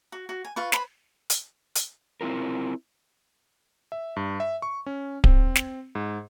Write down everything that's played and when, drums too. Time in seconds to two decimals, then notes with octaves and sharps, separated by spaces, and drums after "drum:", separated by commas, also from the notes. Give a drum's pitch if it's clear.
0.12 F#4
0.29 F#4
0.45 G#5
0.56 F4 B4 C#6
0.72 B4 C5 B5, drum: snare
1.30 drum: hi-hat
1.75 drum: hi-hat
2.21 C4 E4 F4 A#4
3.92 E5
4.16 G2
4.40 E5
4.62 C#6
4.86 C#4
5.24 C4, drum: kick D1
5.55 drum: snare
5.95 G#2